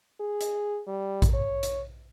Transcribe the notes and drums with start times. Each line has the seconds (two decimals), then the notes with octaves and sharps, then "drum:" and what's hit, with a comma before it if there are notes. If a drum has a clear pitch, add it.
0.20 G#4
0.41 drum: hi-hat
0.87 G3
1.22 drum: kick A1, hi-hat
1.34 C#5
1.63 drum: hi-hat